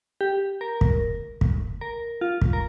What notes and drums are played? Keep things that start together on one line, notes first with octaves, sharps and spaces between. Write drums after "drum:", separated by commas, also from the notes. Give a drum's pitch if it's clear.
G4
A#4
drum: kick
drum: kick
A#4
F4
drum: kick
A#4